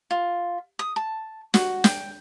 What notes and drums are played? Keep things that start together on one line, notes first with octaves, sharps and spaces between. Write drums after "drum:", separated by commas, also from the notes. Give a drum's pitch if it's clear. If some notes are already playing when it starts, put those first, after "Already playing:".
F4
D#6
A5
F#4, drum: snare
G5, drum: snare